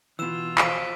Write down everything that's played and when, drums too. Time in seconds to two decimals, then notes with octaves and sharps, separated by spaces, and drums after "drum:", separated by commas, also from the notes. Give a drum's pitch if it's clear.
0.19 B2 E3 F4 E6 E7
0.58 F3 B6 D7 D#7, drum: clap